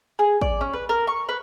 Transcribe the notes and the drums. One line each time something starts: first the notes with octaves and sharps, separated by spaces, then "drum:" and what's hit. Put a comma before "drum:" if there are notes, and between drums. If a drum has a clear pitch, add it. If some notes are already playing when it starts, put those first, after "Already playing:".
G#4
D5, drum: kick
C#4
B4
A#4
C#6
B4